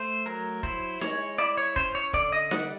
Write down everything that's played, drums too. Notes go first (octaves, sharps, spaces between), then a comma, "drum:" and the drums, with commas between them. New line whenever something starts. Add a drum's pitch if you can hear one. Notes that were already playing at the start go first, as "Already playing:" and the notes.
Already playing: A3 C5
F#3 A#4
E4 C5, drum: kick
G#3 C#5, drum: snare D#4
E4 D5
C#5
C#4 C5, drum: kick
C#5
D3 D5, drum: kick
D#5
G3 F#5, drum: snare D#4